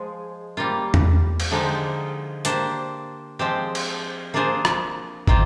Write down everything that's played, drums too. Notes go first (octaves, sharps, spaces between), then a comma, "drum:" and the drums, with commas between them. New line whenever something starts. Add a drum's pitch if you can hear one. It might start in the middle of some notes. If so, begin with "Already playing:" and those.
Already playing: F3 G#3 G#4
G3 A#3 F4
drum: tom E2
drum: cymbal
D3 F3 G#3 D#4 G4
A#3 D4 G4 C5, drum: hi-hat
F3 G#3 C4 G4 C5
drum: cymbal
A#3 D4 F4 G#4 C5
drum: rim click
D#3 A#3 F4 C5, drum: kick